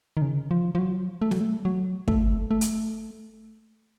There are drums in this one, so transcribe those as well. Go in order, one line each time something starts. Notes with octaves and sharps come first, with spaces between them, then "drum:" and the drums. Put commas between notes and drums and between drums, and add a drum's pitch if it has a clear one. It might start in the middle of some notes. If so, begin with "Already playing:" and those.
D#3
C#3
F3
F3
F#3
A3
F#3, drum: snare
A3
F#3
A3, drum: kick
A3
drum: hi-hat